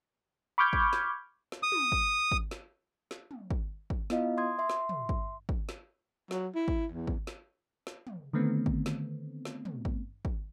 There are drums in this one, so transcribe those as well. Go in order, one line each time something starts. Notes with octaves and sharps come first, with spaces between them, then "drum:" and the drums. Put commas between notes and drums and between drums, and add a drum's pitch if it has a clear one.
B5 C#6 D6 F6 G6 G#6
drum: kick
drum: snare
drum: snare
D#6
drum: tom
drum: kick
drum: kick
drum: snare
drum: snare
drum: tom
drum: kick
drum: kick
B3 E4 F4 D#5 F5, drum: snare
C6 D#6 G#6
E5 C6
drum: snare
drum: tom
drum: kick
drum: kick
drum: snare
F#3, drum: snare
E4
drum: kick
E2
drum: kick
drum: snare
drum: snare
drum: tom
D3 D#3 A3 B3 C4
drum: kick
drum: snare
drum: snare
drum: tom
drum: kick
drum: kick